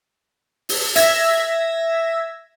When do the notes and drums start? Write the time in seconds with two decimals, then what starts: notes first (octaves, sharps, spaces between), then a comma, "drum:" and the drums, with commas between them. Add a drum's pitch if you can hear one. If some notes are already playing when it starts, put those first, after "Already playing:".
0.69 drum: open hi-hat
0.96 E5 E6 G#6 A#6, drum: hi-hat